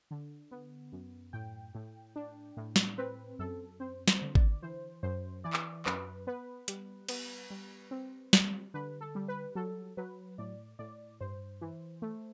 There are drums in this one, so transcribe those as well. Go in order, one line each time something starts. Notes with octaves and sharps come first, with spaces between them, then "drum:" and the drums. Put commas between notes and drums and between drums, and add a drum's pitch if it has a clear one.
D3
B3
F#2
A2 G5
A2
D4
A2
drum: snare
C4 B4
F#2 A4
C4 C5
C5, drum: snare
D3
D5, drum: kick G#1
E3 C5
F#2 C5
E3 D5
drum: clap
F#2 B4, drum: clap
B3 B4
G3, drum: hi-hat
B3, drum: cymbal
G3
C4
G3, drum: snare
D3 B4
A4
G3
B4
F#3 A4
F#3 B4
A2 D5
A2 D5
G2 C5
E3
A3